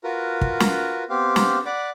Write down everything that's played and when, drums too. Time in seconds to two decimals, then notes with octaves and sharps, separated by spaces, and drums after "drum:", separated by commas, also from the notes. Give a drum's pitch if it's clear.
0.04 F4 F#4 A#4 B4
0.41 drum: kick
0.60 drum: snare
1.10 B3 C4 G4 F5
1.36 drum: snare
1.66 D5 F#5 B5 D6